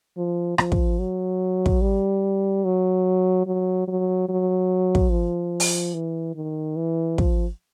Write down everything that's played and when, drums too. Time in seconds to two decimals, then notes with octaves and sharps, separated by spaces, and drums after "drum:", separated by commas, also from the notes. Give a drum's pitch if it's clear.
0.17 F3
0.58 F3, drum: rim click
0.72 drum: kick
0.99 F#3
1.66 drum: kick
1.81 G3
2.65 F#3
3.47 F#3
3.88 F#3
4.29 F#3
4.95 drum: kick
5.11 F3
5.60 drum: open hi-hat
5.94 E3
6.35 D#3
6.77 E3
7.18 F3, drum: kick